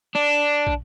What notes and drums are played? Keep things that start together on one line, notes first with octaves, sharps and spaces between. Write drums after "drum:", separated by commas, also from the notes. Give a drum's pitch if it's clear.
D4
drum: kick